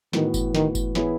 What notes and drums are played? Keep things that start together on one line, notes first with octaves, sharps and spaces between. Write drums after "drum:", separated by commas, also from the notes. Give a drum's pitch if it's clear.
A2 D#3 E3 B3 F#4, drum: snare
drum: kick F#1, tambourine
D#3, drum: snare
drum: kick F#1, tambourine
E3 B3 E4 G#4 C#5, drum: snare